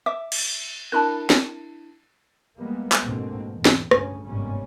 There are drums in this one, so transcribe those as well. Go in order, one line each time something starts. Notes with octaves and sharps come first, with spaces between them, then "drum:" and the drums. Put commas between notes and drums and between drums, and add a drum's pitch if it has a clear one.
E5 D6
drum: cymbal
D4 E4 A#4 A5 B5 F#6
drum: snare C4
G3 G#3 A#3 B3
drum: clap
D2 G#2 B2 D3 A#3 C4
E2 G#2
drum: snare C4
D2 G2 C#3 C#4, drum: rim click
G1 G#2 C3 G3 A#3 C#4